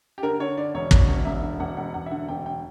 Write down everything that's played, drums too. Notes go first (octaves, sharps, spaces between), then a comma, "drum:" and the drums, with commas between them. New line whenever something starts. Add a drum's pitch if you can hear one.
G4
D3 A#4
D3 C#5
D3 D5
E1 C#5
E1 C#5, drum: kick
E1
E1 E5
D3
E1 F#5
E1 F#5
E1 F#5
E5
D3 F#5
E1 G5
G5